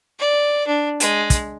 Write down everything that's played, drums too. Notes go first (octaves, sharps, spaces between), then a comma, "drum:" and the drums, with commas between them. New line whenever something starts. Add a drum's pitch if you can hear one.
D5
D4
G#3, drum: hi-hat
drum: kick, hi-hat